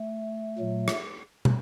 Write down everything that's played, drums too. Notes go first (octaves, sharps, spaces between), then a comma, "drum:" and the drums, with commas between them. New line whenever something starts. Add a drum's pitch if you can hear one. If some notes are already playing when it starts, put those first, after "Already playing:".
Already playing: A3
A#2 F#3
drum: rim click
drum: tom